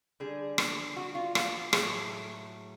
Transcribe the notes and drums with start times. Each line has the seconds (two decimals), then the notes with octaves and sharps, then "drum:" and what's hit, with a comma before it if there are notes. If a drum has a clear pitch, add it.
0.20 D3 G3 G#4
0.58 drum: rim click
0.96 F#4
1.15 F4
1.35 F4, drum: rim click
1.73 A2 F#3 A3 G#4, drum: rim click